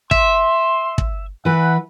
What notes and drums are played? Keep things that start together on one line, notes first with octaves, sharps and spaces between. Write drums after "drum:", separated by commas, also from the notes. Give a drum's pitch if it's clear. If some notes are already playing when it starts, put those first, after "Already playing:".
E5 C6, drum: kick
drum: kick
E3 B4 E5 F#5